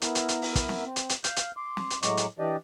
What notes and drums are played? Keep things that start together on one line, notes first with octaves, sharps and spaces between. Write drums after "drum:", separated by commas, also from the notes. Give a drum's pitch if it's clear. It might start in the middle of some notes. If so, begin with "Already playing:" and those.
B3 E4 A#4, drum: hi-hat
drum: hi-hat
drum: hi-hat
drum: open hi-hat
drum: kick, hi-hat
drum: snare
C4
drum: hi-hat
drum: hi-hat
F5 F6 G6, drum: hi-hat
drum: hi-hat
C6 D6
drum: snare
drum: hi-hat
A2 F#3 G#3 A#5 C#6 D6, drum: hi-hat
drum: hi-hat
E3 D4 G4 D5 D#5